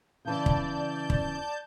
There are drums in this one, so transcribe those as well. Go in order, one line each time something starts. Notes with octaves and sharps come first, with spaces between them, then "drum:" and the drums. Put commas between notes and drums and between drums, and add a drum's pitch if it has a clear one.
C#3 E3 D5 A5 G6
drum: kick
drum: kick